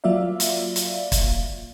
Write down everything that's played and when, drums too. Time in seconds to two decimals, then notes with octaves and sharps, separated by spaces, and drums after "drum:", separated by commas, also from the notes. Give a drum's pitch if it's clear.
0.04 F#3 A#3 F4 D5 E5 F5
0.40 drum: hi-hat
0.76 drum: hi-hat
1.12 drum: kick, hi-hat